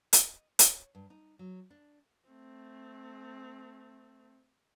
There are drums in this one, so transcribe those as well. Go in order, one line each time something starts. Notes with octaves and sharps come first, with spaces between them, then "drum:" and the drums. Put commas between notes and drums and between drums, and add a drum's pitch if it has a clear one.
D#5, drum: hi-hat
C#5, drum: hi-hat
G2
D#4
F#3
D4
A3 C4